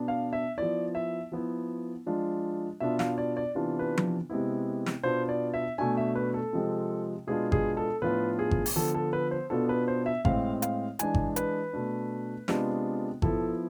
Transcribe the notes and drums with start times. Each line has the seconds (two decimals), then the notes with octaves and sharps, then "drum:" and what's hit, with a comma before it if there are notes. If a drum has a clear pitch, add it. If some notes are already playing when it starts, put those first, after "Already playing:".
Already playing: B2 B3 D4
0.08 F5
0.33 E5
0.58 F3 B3 E4 D5
0.95 E5
1.32 F3 B3 E4
2.06 F3 G#3 D4 F4
2.80 B2 B3 D4 F4 E5
2.99 F5, drum: snare
3.18 D5
3.37 D5
3.55 C3 E3 B3 D4 F4
3.79 B4
3.98 drum: tom F3
4.30 C3 G#3 B3 E4
4.86 drum: snare
5.03 B2 B3 D4 F4 C5
5.29 D5
5.54 E5
5.78 B2 A3 D4 G#5
5.97 E5
6.15 B4
6.34 A4
6.53 C3 F3 G#3 C4
7.27 B2 G#3 B3 D4 F4 G#4
7.52 G#4, drum: kick G#1
7.77 A4
8.02 A2 F3 B3 D4 F4 B4
8.39 G#4
8.51 drum: kick G#1
8.66 drum: open hi-hat
8.76 D3 F3 B3 A4
8.95 A4
9.13 B4
9.31 C5
9.50 B2 B3 D4 F4 A4
9.69 B4
9.88 C5
10.06 E5
10.25 A2 G#3 C4 F5, drum: kick G#1
10.62 F5, drum: hi-hat
10.99 E3 G#3 D4 G#5, drum: hi-hat
11.14 drum: kick G#1
11.36 B4, drum: hi-hat
11.73 B2 A3 D4
12.48 C3 G#3 B3 D4 F4, drum: snare
13.22 F3 B3 E4 A4, drum: kick G#1